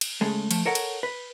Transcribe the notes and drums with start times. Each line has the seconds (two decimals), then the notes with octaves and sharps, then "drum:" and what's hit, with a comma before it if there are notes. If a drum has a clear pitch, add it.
0.01 drum: cymbal
0.21 C#3 G#3 A3
0.51 F3 A3, drum: cymbal
0.66 A4 A#4 C#5 F#5
0.75 drum: cymbal
1.03 B4